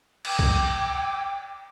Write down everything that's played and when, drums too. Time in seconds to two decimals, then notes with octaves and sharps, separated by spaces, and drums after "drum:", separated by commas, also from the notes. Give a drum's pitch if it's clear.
0.25 G5 D6 E6 G#6, drum: cymbal
0.39 drum: kick